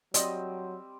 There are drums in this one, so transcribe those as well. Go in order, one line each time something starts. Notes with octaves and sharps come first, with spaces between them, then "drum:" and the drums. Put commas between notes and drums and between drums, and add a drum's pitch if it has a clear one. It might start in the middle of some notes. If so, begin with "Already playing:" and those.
F#3 G3 C4 D5 D#5, drum: hi-hat